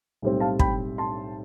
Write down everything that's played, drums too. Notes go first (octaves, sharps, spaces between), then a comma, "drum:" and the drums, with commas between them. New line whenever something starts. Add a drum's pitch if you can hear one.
B1 A2 G3 C4
F5 A5
G5 B5, drum: kick
A5 C6